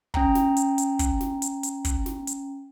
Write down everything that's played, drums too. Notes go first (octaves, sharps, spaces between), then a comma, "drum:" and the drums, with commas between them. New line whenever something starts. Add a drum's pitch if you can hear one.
C#4 G5 A#5, drum: kick
drum: snare
drum: hi-hat
drum: hi-hat
drum: kick, hi-hat
drum: snare
drum: hi-hat
drum: hi-hat
drum: kick, hi-hat
drum: snare
drum: hi-hat